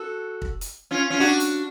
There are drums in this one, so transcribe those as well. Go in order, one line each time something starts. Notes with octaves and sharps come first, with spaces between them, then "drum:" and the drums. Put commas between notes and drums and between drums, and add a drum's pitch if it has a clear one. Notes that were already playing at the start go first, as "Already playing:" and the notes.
Already playing: F#4 A4
drum: kick
drum: hi-hat
C#4 F4
C#4 F4
D4 F#4
drum: hi-hat